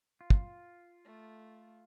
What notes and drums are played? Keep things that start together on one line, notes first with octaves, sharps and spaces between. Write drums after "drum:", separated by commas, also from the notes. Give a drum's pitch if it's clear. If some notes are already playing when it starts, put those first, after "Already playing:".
F4
drum: kick
A3